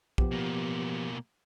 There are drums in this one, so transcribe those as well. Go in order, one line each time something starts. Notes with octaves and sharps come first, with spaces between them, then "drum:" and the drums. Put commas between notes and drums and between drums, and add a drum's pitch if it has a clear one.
F3 B3 G4, drum: kick
B2 A#3